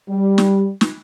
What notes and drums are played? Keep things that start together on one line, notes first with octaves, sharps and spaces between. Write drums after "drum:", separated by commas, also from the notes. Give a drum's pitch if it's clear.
G3
drum: snare
drum: snare